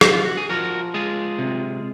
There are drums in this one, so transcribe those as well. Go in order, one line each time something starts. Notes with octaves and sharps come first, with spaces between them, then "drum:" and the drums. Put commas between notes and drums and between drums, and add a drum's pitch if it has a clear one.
D#4, drum: rim click
F4
F#4
G#4
F3 F#4 A#4
G#3 F4 G#4
C3